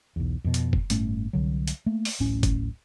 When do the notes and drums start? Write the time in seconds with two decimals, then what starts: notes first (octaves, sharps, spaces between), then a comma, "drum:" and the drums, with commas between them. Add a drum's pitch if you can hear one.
0.16 B1 E2
0.44 F2 B2
0.54 drum: hi-hat
0.73 drum: kick F#1
0.90 G1 A2 A3 C#4, drum: hi-hat
1.33 C2 D3 F#3
1.68 drum: hi-hat
1.86 A3 A#3
2.05 drum: open hi-hat
2.20 D1 A1 A2 C#4
2.43 drum: kick F#1, hi-hat